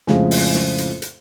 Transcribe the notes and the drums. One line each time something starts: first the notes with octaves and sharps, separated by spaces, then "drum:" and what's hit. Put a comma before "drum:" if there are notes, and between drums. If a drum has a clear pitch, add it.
F2 A2 C#3 F3 G#3, drum: snare
drum: open hi-hat
drum: snare
drum: hi-hat
drum: hi-hat